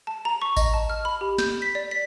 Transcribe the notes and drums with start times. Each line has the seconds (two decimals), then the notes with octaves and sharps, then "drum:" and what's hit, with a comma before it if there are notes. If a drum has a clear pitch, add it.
0.07 A5
0.25 A#5
0.42 C#6
0.57 D#5, drum: kick A1, tambourine
0.74 A5
0.90 F6
1.05 B5
1.21 G4
1.38 G6, drum: snare
1.62 B6
1.75 D5
1.91 B6